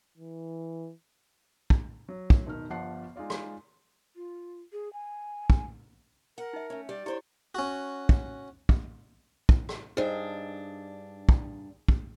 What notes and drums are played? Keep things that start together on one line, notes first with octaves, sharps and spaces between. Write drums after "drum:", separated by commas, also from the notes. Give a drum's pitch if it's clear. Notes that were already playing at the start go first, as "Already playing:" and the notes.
E3
drum: kick
F#3
drum: kick
E1 D#3 F6
G1 F3 D5 F#5 A5 C7
G#3 D#4 F4 D5
drum: rim click
F4
G#4
G#5
drum: kick
A#4 F#5
D#4 E5
A3 C#4
G3 G4 D5
D3 E4 G4 C5 C#5
C#4 F#4
drum: kick
drum: kick
drum: kick
drum: rim click
G2 D4 D#4 G#4 C5
drum: kick
drum: kick